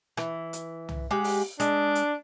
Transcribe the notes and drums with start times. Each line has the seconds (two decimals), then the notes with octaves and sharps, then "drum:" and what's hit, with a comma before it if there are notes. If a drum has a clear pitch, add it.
0.17 E3, drum: rim click
0.53 drum: hi-hat
0.89 drum: tom
1.11 G#3 G4 F#5
1.24 drum: open hi-hat
1.60 G#3 D4, drum: hi-hat
1.95 drum: hi-hat